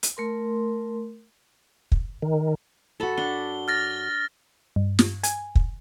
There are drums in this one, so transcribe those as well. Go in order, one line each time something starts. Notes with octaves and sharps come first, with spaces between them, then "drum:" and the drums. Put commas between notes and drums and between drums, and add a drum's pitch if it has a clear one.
drum: hi-hat
A3 A#4 C6
drum: kick
D#3
F#2 F#4 A4 B5
D4 G7
F6 A6 A#6
G2
drum: snare
G#5, drum: hi-hat
drum: kick